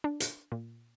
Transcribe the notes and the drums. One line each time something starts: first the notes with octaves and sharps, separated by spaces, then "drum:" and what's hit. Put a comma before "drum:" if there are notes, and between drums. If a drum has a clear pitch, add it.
D4
drum: hi-hat
A#2